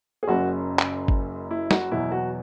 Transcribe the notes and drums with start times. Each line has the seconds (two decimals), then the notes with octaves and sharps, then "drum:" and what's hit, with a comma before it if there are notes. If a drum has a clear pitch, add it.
0.23 G#4
0.28 F#1 F#2 C#3 F#4
0.79 drum: clap
1.08 drum: kick G#1
1.51 E4
1.71 F#4, drum: snare
1.91 E2 B2 F#3 E4
2.11 F#4